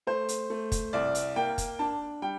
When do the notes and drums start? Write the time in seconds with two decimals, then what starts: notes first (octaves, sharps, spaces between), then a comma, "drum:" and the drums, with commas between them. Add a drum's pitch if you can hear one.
0.07 A3 C5
0.29 drum: hi-hat
0.50 A3
0.72 drum: kick, hi-hat
0.93 C2 D5
1.15 drum: hi-hat
1.36 A#3 G5
1.58 drum: kick, hi-hat
1.79 D4 A5
2.22 G3 G5